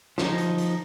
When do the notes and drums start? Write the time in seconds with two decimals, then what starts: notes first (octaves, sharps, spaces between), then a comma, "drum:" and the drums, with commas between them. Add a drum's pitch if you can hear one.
0.18 F3 D#4, drum: snare
0.38 drum: hi-hat
0.58 drum: hi-hat